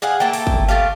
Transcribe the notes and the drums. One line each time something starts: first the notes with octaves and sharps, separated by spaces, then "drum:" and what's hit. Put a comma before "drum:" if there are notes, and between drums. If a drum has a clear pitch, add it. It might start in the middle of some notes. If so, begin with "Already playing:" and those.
G#4 F5 F#5 G#5
A3 A#3 A4 G5
drum: open hi-hat
drum: kick G1
A3 F4 G4 F5